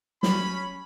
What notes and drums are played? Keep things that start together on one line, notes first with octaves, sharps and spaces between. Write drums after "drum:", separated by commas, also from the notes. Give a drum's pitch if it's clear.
F#3 G3 C#4 B5, drum: snare